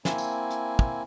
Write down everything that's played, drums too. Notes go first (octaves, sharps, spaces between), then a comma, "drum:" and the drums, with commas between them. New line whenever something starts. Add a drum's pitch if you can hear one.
A#3 C4 E4 G#5, drum: snare
drum: tambourine
drum: hi-hat
drum: kick